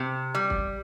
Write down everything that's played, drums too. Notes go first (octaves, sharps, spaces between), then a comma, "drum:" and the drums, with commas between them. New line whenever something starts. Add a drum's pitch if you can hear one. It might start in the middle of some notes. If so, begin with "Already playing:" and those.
Already playing: C3
G3
drum: kick